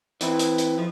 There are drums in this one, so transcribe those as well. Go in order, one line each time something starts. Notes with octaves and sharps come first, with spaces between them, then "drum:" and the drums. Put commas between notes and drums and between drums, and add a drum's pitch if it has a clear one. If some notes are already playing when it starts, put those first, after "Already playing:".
E3 C4 E4, drum: hi-hat
drum: hi-hat
drum: hi-hat
F2 F3